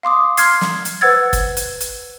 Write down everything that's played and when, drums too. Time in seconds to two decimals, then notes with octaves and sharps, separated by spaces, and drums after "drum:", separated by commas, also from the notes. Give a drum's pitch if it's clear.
0.03 F5 C6 D6 D#6
0.37 C6 F6 G#6 C7, drum: hi-hat
0.61 drum: snare
0.85 drum: hi-hat
1.01 B4 C5 F#5 E6 G#6 A6
1.33 drum: kick, hi-hat
1.57 drum: hi-hat
1.81 drum: hi-hat